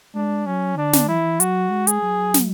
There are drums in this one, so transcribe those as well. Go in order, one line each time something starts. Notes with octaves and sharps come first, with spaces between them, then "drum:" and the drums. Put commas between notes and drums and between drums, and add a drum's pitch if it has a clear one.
G#3 D4
F#3 C#4
D3 D4
drum: snare
E3 E4
F#3 F#4, drum: hi-hat
G#3
G#4, drum: hi-hat
F#3
drum: snare